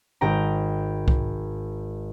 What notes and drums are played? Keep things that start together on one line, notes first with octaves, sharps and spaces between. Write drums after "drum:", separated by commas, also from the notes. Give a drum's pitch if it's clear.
G#1 G5 A#5
drum: kick C2